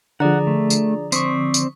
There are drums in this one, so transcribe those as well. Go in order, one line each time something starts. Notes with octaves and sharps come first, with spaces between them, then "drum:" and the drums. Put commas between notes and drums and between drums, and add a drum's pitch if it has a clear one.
D3 F3 G#4 D5 F#5 A#5
A3
drum: tambourine
C4 C5 D5 C#6 D#6 B6, drum: tambourine
drum: tambourine